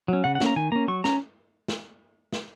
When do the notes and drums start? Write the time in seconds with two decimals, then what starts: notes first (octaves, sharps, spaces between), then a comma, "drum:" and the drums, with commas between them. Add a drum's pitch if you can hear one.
0.08 F#3 C#4
0.24 C#3 F#5
0.35 F#5
0.40 A#3 C#4, drum: snare
0.46 A#5
0.56 D#3 G#5
0.72 A#3 C#4 A#5
0.88 F#3 C#6
1.04 C#4 A#5, drum: snare
1.68 drum: snare
2.33 drum: snare